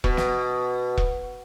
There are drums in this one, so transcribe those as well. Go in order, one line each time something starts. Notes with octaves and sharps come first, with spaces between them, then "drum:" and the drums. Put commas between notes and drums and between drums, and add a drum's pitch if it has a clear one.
B2, drum: kick E1
drum: snare
drum: kick E1